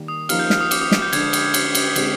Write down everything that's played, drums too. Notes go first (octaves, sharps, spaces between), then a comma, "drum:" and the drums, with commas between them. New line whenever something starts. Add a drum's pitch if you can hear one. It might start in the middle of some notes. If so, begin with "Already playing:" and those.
Already playing: D#3 G3 A#3
D#6
F3 A#3 D#4 G4 F6, drum: cymbal
G6
F6, drum: snare
D#6
D6, drum: cymbal
D#6
F6, drum: snare
G6
D3 F3 G#3 D4 G#6, drum: cymbal
drum: cymbal
drum: cymbal
drum: cymbal
D3 G#3 C4 G4, drum: cymbal